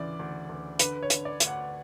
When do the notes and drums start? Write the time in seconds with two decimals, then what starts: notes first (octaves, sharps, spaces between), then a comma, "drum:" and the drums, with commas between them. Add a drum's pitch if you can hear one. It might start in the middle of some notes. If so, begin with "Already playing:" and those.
Already playing: D2 C#3 E3 D5
0.19 D2
0.49 D2
0.79 D3 B4, drum: hi-hat
1.03 C#5
1.10 D3, drum: hi-hat
1.25 D5
1.40 D2, drum: hi-hat
1.47 F#5